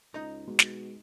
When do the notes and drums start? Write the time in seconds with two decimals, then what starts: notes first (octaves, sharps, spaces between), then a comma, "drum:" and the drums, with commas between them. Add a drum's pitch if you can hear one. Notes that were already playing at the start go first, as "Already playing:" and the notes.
0.14 C#2 D#4 D#5 A#5
0.47 B2 G#3
0.59 drum: snare